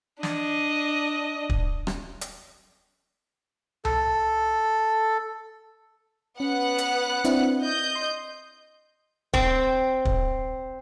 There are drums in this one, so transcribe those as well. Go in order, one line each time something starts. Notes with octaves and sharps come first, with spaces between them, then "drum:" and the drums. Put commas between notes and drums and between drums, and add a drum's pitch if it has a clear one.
D4 D#5, drum: snare
drum: kick
drum: rim click
drum: hi-hat
A4, drum: tom C2
B3 C#4 F#5 F#6
drum: hi-hat
C4 D4 E4, drum: hi-hat
D#5 G6
C6
C4, drum: kick
drum: kick